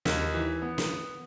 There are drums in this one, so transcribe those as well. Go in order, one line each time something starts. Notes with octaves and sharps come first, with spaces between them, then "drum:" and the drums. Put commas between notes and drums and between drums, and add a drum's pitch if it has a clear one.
D#2, drum: snare
E3
B3
drum: snare